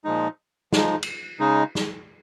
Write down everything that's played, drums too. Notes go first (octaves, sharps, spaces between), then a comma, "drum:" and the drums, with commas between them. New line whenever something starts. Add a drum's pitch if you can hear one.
A#2 F3 G#3 D#4
F3 G#3 D#4, drum: snare
drum: cymbal
C#3 G#3 D#4
drum: snare